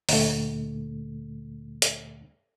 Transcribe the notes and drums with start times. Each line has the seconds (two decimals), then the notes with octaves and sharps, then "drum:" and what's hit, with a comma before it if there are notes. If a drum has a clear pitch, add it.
0.09 D2 A#2 D3 A3, drum: open hi-hat
1.82 drum: hi-hat